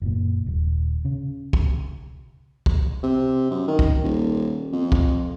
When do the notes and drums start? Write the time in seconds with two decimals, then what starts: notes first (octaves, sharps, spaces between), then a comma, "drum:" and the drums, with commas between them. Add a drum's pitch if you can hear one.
0.02 F#1 A#2
0.47 D#1
1.05 C#3
1.53 drum: kick
2.66 drum: kick
3.03 C3
3.51 F#2
3.68 D#3
3.79 drum: kick
4.03 D#1
4.73 F2
4.92 drum: kick